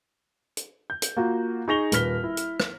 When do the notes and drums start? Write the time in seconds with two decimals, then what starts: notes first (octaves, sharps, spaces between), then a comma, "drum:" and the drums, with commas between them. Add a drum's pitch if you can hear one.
0.57 drum: hi-hat
0.90 G6
1.02 drum: hi-hat
1.17 A#3 F4 F#4
1.68 D#4 G#4 C#6 A#6 F7 G7
1.92 D#1 B4 F6 B6 G7, drum: hi-hat
2.24 E4
2.37 drum: hi-hat
2.60 drum: rim click